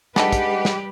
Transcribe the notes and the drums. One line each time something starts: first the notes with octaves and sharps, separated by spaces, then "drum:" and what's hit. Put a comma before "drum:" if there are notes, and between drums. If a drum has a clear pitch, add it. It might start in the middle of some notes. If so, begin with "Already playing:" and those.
G3 G#3 D4 D#4 G4 A4 B4 F#5, drum: snare
drum: kick, hi-hat
drum: snare